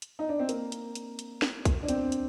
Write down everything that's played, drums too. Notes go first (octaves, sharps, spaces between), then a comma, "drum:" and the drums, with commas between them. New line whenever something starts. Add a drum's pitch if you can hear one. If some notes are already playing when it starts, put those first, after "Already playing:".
drum: hi-hat
D#4
D4
C4
A#3, drum: hi-hat
drum: hi-hat
drum: hi-hat
drum: hi-hat
drum: snare
drum: kick, hi-hat
D4
C4, drum: hi-hat
drum: hi-hat